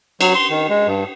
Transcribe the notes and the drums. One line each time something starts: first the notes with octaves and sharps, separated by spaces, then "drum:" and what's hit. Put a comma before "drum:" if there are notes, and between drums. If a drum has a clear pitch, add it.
F#3, drum: cymbal
C6
D#3
G#3
G2